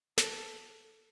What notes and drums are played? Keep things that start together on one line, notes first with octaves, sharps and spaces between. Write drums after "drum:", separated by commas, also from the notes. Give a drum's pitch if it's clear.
A4, drum: snare